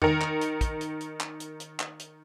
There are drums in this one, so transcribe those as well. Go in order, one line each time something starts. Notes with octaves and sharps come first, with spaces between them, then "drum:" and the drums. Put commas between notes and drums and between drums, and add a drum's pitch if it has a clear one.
D#3 A#4, drum: tom E2
drum: clap
drum: hi-hat
drum: kick, hi-hat
drum: hi-hat
drum: hi-hat
drum: clap
drum: hi-hat
drum: hi-hat
drum: clap
drum: hi-hat